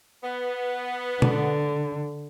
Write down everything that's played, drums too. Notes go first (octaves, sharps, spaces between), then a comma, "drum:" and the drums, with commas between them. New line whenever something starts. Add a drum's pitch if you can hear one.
B3
D3, drum: tom B2